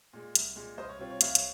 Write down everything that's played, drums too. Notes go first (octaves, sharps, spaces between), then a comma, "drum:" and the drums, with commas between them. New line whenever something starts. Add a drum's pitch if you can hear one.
A#2 G#3
C2, drum: hi-hat
A#2 G#3
C2 C5 D#5
C#5
C3 G3 C4 F4 C#5
C#5
C2 C#5 F5, drum: hi-hat
drum: hi-hat